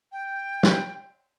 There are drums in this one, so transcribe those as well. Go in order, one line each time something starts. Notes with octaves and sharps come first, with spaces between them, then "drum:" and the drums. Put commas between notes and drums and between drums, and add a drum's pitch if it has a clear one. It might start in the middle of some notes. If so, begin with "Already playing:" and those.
G5
drum: snare